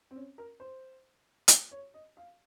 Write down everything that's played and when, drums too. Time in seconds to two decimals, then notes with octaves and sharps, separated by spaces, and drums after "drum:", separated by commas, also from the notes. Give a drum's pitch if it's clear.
0.11 C4
0.16 C#4
0.38 A#4
0.60 C5
1.48 drum: hi-hat
1.71 C#5
1.94 D#5
2.17 F5